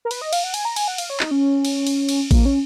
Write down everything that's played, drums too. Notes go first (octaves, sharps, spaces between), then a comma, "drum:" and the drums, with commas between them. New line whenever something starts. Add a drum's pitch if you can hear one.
A#4
B4, drum: cymbal
D#5
F5, drum: cymbal
F#5
G#5, drum: cymbal
A#5
G#5, drum: cymbal
F#5
F5, drum: cymbal
C#5
D#4, drum: clap
C#4
drum: cymbal
drum: cymbal
drum: cymbal
A#3, drum: kick A1, cymbal
C#4